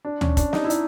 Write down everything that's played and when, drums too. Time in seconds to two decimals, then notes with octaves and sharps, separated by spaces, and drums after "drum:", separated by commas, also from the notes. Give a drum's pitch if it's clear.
0.05 D4
0.21 C#4, drum: tom D2
0.37 D4, drum: kick, hi-hat
0.53 D#4, drum: snare
0.64 E4
0.70 D#4, drum: hi-hat